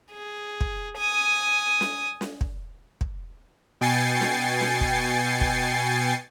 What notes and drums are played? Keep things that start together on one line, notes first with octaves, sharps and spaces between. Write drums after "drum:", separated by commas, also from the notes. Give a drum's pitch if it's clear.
G#4
drum: kick
G#5 D#6
drum: snare
drum: snare
drum: kick
drum: kick
B2 G5 G#5 A6 C7 C#7
drum: snare
drum: snare
drum: kick
drum: kick